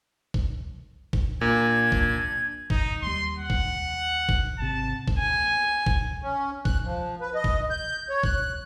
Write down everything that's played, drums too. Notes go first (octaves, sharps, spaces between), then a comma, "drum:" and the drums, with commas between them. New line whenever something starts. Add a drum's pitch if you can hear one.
drum: kick A#1
drum: kick A#1
A#2 D4 G#6
drum: kick A#1
G1 D#4, drum: kick A#1
D#2 G3 C6
F#5
drum: kick A#1
drum: kick A#1
G#1 C3 A5
drum: kick A#1
G#5
drum: kick A#1
C#4
F#6, drum: kick A#1
F3
B4
D#5
drum: kick A#1
G6
C#5
F#6, drum: kick A#1